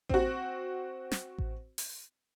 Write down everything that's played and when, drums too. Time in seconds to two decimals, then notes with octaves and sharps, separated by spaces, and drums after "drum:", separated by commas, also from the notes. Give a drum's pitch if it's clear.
0.09 C4 F#4, drum: kick A1
1.12 drum: snare
1.38 drum: kick A1
1.78 drum: open hi-hat